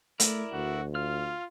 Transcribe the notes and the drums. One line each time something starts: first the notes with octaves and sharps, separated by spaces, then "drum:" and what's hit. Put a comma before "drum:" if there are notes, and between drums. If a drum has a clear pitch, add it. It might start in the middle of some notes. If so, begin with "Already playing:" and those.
A3 E4 A#4 D5, drum: hi-hat
D2 F#4
F4 F6